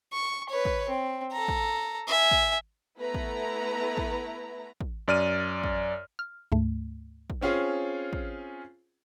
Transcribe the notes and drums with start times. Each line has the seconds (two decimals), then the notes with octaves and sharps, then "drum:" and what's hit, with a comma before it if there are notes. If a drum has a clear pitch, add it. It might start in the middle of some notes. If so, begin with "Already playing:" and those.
0.13 C#6
0.49 B4 C#5
0.65 drum: kick
0.90 C4
1.32 A4 A#5
1.48 drum: kick
2.08 E5 G#5
2.31 drum: kick
2.98 A3 B3 E4 B4 A#5
3.14 drum: kick
3.97 drum: kick
4.81 drum: kick
5.08 F#2 D5 F6 D#7
5.64 drum: kick
6.19 F6
6.52 D2 G#2 A3
7.30 drum: kick
7.41 C4 C#4 F4 G#4
8.13 drum: kick